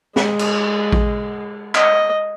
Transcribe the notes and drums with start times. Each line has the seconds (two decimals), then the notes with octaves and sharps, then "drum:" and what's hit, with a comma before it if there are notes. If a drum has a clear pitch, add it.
0.16 G#3, drum: snare
0.39 drum: cymbal
0.92 drum: kick A1
1.75 D#5, drum: clap